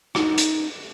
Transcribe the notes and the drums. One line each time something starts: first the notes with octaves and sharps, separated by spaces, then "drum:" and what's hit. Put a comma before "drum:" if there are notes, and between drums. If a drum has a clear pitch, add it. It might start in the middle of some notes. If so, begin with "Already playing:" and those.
D#4, drum: rim click
drum: hi-hat